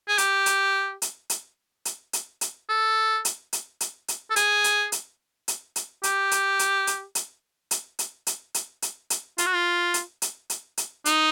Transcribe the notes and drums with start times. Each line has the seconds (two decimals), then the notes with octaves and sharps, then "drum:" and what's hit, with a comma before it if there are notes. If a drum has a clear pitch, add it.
0.08 G#4
0.18 G4, drum: hi-hat
0.46 drum: hi-hat
1.02 drum: hi-hat
1.30 drum: hi-hat
1.85 drum: hi-hat
2.13 drum: hi-hat
2.41 drum: hi-hat
2.69 A4
3.25 drum: hi-hat
3.53 drum: hi-hat
3.80 drum: hi-hat
4.08 drum: hi-hat
4.30 A4
4.36 G#4, drum: hi-hat
4.64 drum: hi-hat
4.92 drum: hi-hat
5.48 drum: hi-hat
5.76 drum: hi-hat
6.03 G4, drum: hi-hat
6.31 drum: hi-hat
6.59 drum: hi-hat
6.87 drum: hi-hat
7.15 drum: hi-hat
7.71 drum: hi-hat
7.99 drum: hi-hat
8.27 drum: hi-hat
8.54 drum: hi-hat
8.82 drum: hi-hat
9.10 drum: hi-hat
9.38 F4, drum: hi-hat
9.46 F#4
9.54 F4
9.94 drum: hi-hat
10.22 drum: hi-hat
10.50 drum: hi-hat
10.77 drum: hi-hat
11.05 D#4, drum: hi-hat